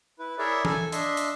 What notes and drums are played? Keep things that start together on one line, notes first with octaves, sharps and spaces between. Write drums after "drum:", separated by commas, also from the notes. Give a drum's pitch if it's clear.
E4 B4
E4 G#4 A#4 C#5 D5 E5
A4 G#5, drum: tom
D4 D#5 E5 C6, drum: hi-hat
drum: hi-hat